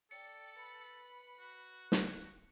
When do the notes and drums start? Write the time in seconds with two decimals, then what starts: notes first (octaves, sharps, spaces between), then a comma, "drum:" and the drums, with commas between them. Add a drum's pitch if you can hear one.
0.11 A4 D5 G5 C#7
0.55 B4 B5
1.39 F#4
1.92 drum: snare